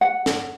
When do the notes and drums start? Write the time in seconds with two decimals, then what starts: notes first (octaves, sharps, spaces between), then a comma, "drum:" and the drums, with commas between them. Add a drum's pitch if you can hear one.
0.01 F#5
0.26 drum: snare